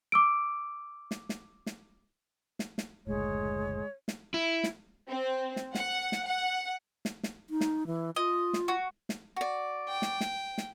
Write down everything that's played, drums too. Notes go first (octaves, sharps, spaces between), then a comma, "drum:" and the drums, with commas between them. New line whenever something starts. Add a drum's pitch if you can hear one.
D6 E6 D7
drum: snare
drum: snare
drum: snare
drum: snare
drum: snare
F#1 D2 A2 G#3 C#5
drum: snare
E4
drum: snare
C4
drum: snare
F#5, drum: snare
drum: snare
F#5
drum: snare
drum: snare
D#4
drum: snare
E3
F4 D#5
drum: snare
F#4
drum: snare
F#4 D5
G5
drum: snare
drum: snare
drum: snare